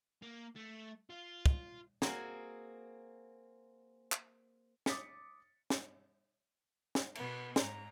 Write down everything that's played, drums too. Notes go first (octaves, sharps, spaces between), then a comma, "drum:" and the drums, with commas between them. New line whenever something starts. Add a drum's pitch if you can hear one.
A#3
A3
F4
drum: kick
A#3 C4 F#4 G#4 A#4 G#5, drum: snare
drum: clap
D6 D#6 A6 B6 C#7, drum: snare
drum: snare
drum: snare
B2 B3, drum: cymbal
G#2 A#5, drum: snare